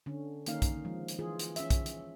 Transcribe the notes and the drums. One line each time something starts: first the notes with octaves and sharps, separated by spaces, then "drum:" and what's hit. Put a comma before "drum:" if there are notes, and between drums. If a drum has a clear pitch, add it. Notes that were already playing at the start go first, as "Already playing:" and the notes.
D3 C#4
D#3 A#3 C#4 D#4 F5, drum: hi-hat
drum: kick, hi-hat
F3 G#3
drum: hi-hat
E3 F4 G#4
drum: hi-hat
C#4 E5, drum: hi-hat
drum: kick, hi-hat
drum: hi-hat